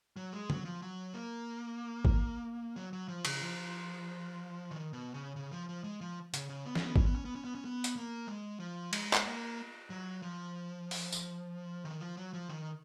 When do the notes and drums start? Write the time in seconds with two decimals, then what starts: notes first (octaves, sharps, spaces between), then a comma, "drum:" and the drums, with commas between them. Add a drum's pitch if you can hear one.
0.16 F#3
0.33 G#3
0.50 F#3, drum: tom C#3
0.65 F3
0.82 F#3
1.14 A#3
2.05 drum: kick
2.76 F#3
2.93 F#3
3.08 F3
3.25 C#3, drum: cymbal
3.42 F3
4.71 D#3
4.93 B2
5.14 C#3
5.36 C#3
5.52 F3
5.69 F3
5.84 G#3
6.01 F3
6.34 C#3, drum: hi-hat
6.49 C#3
6.66 B3
6.75 C#4, drum: snare
6.85 B3
6.96 C#4, drum: kick
7.06 B3
7.15 C#4
7.25 B3
7.35 C#4
7.44 B3
7.55 C#4
7.65 B3
7.84 drum: hi-hat
7.96 A#3
8.27 G#3
8.60 F3
8.93 G#3, drum: cymbal
9.13 drum: clap
9.25 A#3
9.90 F#3
10.22 F3
10.91 drum: open hi-hat
11.12 drum: tambourine
11.84 D#3
12.00 F3
12.17 F#3
12.33 F3
12.49 D#3